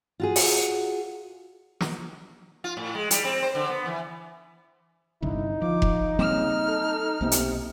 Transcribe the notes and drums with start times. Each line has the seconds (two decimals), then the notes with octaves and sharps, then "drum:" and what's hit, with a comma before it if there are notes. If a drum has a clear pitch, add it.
0.20 F4 F#4 G#4
0.36 drum: open hi-hat
1.81 drum: snare
2.64 F4
2.77 A2
2.95 G#3
3.11 G3, drum: hi-hat
3.25 C4
3.42 C5
3.55 D3
3.70 B3
3.86 E3
5.22 G1 C2 D3 D#4 E4
5.62 F3 F4 D6
5.82 drum: kick F1
6.19 C#3 G3 A#3 C4 F6
6.68 A4
7.21 B1 C3 A#3 B3
7.32 drum: hi-hat